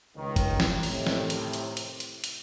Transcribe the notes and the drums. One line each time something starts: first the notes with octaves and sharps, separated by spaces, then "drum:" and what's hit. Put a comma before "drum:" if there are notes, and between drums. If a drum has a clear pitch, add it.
C#2 D#3
drum: kick, hi-hat
drum: snare
A2 C3 D#3, drum: open hi-hat
drum: snare
drum: hi-hat
drum: hi-hat
drum: hi-hat
drum: hi-hat
drum: hi-hat